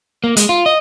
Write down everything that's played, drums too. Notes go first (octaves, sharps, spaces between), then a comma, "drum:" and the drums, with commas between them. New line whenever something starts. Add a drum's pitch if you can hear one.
A#3
G#3, drum: hi-hat
F4
D#5